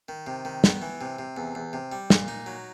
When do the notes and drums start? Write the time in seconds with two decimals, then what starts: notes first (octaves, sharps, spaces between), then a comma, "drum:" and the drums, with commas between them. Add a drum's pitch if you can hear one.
0.09 D#3
0.27 C3
0.45 D#3
0.64 B3, drum: snare
0.82 E3
1.01 C3
1.19 C3
1.37 E2
1.55 E2
1.73 C3
1.92 G3
2.10 A#2, drum: snare
2.28 D#4
2.46 F#3